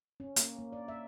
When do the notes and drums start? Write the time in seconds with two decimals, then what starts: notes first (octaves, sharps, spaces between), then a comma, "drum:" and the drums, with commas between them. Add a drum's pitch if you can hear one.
0.20 C#4
0.36 A#3, drum: hi-hat
0.59 A#3
0.73 D5
0.88 E5